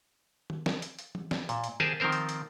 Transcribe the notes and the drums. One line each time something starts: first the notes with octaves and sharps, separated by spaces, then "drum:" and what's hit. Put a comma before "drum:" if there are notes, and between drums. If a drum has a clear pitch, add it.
drum: tom D#3
drum: snare
drum: hi-hat
drum: hi-hat
drum: tom E3
drum: snare
A#2, drum: hi-hat
drum: hi-hat
G4 G#4 A#4 C5 G#5 A5, drum: tom D#3
D#3 F3 C4 A#4 C5
drum: hi-hat
drum: hi-hat